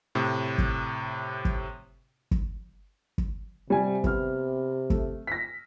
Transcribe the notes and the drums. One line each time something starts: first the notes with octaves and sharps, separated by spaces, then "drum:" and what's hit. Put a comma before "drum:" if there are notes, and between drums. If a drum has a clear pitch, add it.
A2 C3
drum: kick
drum: kick
drum: kick
drum: kick
C3 G3 G#5
B3 F6, drum: kick
A3, drum: kick
A#6 B6